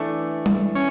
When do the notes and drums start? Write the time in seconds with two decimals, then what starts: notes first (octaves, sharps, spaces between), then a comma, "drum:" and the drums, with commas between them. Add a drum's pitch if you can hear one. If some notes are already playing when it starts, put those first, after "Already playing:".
Already playing: E3 A3 D4 A4
0.46 drum: tom G3
0.75 C#4